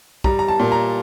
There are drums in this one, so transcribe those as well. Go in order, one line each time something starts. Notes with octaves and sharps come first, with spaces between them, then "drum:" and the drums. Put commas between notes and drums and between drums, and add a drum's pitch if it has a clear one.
G3 A#5, drum: kick
A#5
A5
A#2
A#5